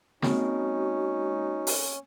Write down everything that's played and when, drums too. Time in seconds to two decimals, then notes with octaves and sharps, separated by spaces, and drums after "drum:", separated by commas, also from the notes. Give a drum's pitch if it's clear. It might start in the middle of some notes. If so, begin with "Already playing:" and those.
0.22 G#3 A#3 C4 C#4 D#4 F#4, drum: snare
1.67 drum: open hi-hat